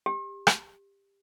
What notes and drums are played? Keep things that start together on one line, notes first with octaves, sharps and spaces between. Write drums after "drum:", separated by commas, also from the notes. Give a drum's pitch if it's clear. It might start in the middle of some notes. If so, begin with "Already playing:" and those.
G4
drum: rim click